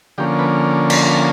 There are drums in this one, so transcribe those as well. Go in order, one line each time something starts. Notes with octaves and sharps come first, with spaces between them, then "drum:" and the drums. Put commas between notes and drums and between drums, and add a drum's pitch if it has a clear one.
D3 F3 A#3 C#4 G4
B4
drum: cymbal